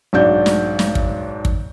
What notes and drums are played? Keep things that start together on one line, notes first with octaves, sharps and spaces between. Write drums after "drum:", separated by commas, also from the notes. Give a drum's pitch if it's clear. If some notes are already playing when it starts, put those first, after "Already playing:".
B1 G#2 D4 F#4 D5 G6
drum: snare
drum: snare
drum: kick
drum: kick